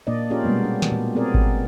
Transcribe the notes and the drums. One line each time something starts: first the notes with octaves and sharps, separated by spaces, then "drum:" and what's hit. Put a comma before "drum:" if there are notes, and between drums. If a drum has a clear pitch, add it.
A#2 A#3 D4 D5 D#5
C#4 F4 G4 G#4 A#4 D5
B2 G3 G#3 A#3 B3
D4
drum: snare
A#2
B3 C4 G#4 A#4 D5
drum: kick G#1